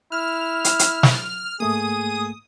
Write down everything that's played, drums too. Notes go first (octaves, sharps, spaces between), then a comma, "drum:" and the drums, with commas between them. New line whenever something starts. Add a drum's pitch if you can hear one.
E4 F6
drum: hi-hat
drum: hi-hat
drum: snare
G#2 A3 A#3 G#4 D#6